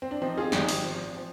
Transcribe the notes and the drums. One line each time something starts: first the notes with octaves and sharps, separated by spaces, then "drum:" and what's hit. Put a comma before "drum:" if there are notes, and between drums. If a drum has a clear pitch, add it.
C4
D4
F3 C4 D#4
F4 G#4
G#1 D#4 G4, drum: snare
drum: open hi-hat
F3
F3